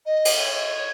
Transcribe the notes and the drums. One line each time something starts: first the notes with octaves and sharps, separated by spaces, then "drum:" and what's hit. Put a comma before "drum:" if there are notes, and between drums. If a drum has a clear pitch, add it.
D#5
drum: cymbal
C#5